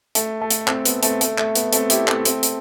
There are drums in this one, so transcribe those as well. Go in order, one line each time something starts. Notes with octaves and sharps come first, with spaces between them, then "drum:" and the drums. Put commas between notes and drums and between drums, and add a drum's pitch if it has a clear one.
A3, drum: hi-hat
A3
drum: hi-hat
A3 C4, drum: clap
B3, drum: hi-hat
A3 C4, drum: hi-hat
A3, drum: hi-hat
A3, drum: clap
B3, drum: hi-hat
A3 C4, drum: hi-hat
E4 G4, drum: hi-hat
A3 C4, drum: clap
A3 C4, drum: hi-hat
drum: hi-hat